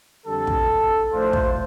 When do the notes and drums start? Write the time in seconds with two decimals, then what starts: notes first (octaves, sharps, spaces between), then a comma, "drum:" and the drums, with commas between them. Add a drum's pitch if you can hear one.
0.26 F2 D3 G3 A4
0.47 drum: kick
1.12 A2 F3 A3 D4 F4 C5
1.33 drum: kick